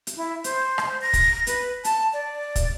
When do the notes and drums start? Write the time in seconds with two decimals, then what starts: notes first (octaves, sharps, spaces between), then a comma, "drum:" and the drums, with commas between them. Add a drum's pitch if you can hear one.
0.07 drum: hi-hat
0.16 E4
0.44 C5, drum: hi-hat
0.78 drum: rim click
1.02 A#6
1.13 drum: kick, hi-hat
1.47 B4, drum: hi-hat
1.84 A5, drum: hi-hat
2.13 D5
2.56 drum: kick, hi-hat